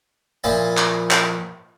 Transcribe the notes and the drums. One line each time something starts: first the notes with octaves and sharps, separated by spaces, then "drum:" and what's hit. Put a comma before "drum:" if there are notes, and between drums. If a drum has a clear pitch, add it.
A#2 F3 E4 G#5 A5
drum: clap
drum: clap